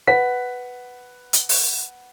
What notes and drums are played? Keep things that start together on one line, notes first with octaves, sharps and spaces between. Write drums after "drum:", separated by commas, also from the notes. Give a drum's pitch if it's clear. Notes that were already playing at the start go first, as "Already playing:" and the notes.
B4 F#5 B6
drum: hi-hat
drum: open hi-hat